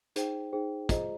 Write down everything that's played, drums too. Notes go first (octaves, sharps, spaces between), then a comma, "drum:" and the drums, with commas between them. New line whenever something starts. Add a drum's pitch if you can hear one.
D#4 G#4 C5 G5, drum: hi-hat
D#4 G#4 C5 G5
F4 G#4 C5 D#5 A#5, drum: kick, hi-hat